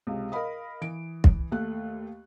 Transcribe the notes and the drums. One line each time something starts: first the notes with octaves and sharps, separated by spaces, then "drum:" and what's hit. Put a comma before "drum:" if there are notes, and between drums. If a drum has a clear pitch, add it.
C#2 C3
A#4 D#5 F5 B5 D#6
E3 D7
drum: kick
D#2 A3 F#6